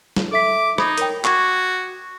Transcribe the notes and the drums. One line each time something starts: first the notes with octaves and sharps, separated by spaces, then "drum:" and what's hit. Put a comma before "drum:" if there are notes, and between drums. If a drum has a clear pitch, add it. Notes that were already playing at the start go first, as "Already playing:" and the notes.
drum: snare
A4 E5 D6 B6
D#4 B5 D#6 G#6, drum: rim click
A#4 C#5 G5, drum: hi-hat
F#4 C#6 D6 G#6, drum: clap